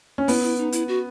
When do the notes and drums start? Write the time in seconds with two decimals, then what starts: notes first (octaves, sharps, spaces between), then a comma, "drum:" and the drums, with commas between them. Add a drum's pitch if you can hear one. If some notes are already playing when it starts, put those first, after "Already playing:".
0.18 C#4
0.28 B3 E4, drum: open hi-hat
0.43 E4
0.58 D#4
0.72 E4, drum: hi-hat
0.88 F#4